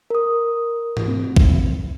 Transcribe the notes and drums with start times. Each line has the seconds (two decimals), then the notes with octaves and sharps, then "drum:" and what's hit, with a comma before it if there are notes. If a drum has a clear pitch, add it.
0.10 A#4 D#6
0.97 drum: tom
1.08 C4
1.36 drum: kick A#1